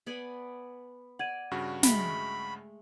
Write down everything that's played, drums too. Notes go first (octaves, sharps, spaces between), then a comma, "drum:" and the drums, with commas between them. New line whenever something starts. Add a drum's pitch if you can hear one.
B3 D5 G#5
D5 F#5 G#6 D#7
G2 C#3 F#4
G#3 A3 G5 B5, drum: snare